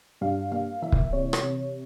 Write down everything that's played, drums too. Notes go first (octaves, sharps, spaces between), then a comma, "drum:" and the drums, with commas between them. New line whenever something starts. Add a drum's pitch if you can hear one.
G2 F5
A#3 F5
E3 E5
drum: kick
C3 C#5
drum: rim click
C3